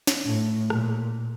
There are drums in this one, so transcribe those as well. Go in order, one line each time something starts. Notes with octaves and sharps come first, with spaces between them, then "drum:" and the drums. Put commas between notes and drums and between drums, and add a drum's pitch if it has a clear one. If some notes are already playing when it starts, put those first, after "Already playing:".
drum: snare
A2
A#2, drum: rim click